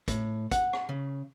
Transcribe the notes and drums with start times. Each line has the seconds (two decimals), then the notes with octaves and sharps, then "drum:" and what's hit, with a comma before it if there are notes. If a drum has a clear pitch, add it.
0.08 A2, drum: kick, hi-hat
0.51 F#5, drum: kick, hi-hat
0.73 drum: rim click
0.89 C#3